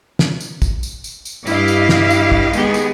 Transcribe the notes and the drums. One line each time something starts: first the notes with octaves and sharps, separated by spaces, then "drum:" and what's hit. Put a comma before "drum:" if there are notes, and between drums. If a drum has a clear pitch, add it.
drum: snare
drum: tambourine
drum: kick, tambourine
drum: tambourine
drum: tambourine
drum: tambourine
G2 E4 G4 D#5 F5, drum: tambourine
drum: tambourine
drum: snare
drum: tambourine
drum: kick
D#3 G#3 B3 G4 G#4, drum: tambourine
drum: tambourine